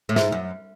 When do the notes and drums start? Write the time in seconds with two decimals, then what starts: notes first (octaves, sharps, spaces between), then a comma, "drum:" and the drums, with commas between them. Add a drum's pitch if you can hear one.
0.09 A2
0.16 G#2, drum: snare
0.32 F#2